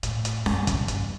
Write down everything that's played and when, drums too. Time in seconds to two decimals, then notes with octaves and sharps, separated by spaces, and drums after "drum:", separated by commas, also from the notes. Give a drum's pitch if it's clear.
0.03 A2, drum: hi-hat
0.25 drum: hi-hat
0.46 G2, drum: snare C#4
0.67 drum: kick, hi-hat
0.88 G2, drum: hi-hat